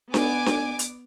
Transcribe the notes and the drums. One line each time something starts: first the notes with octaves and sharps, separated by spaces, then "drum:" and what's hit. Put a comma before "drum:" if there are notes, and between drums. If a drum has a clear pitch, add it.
B3 G#5 D6, drum: snare D4
drum: snare D4
drum: hi-hat